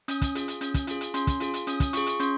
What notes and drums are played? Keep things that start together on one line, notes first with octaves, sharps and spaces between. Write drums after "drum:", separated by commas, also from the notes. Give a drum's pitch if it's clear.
C#4 D#6, drum: hi-hat
drum: kick, hi-hat
F4 G#4, drum: hi-hat
drum: hi-hat
C#4, drum: hi-hat
drum: kick, hi-hat
F4 G#4, drum: hi-hat
drum: hi-hat
C#4 C6, drum: hi-hat
drum: kick, hi-hat
F4 G#4, drum: hi-hat
drum: hi-hat
C#4 D#6, drum: hi-hat
drum: kick, hi-hat
F4 G#4 C#6, drum: hi-hat
drum: hi-hat
C#4 C6, drum: hi-hat